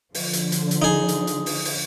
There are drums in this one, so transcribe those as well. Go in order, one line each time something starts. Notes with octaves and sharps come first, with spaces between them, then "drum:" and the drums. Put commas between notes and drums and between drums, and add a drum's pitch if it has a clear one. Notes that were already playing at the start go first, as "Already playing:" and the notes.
D3 F3, drum: open hi-hat
drum: hi-hat
drum: hi-hat
drum: hi-hat
D#4 G#4
drum: hi-hat
drum: hi-hat
drum: open hi-hat
drum: open hi-hat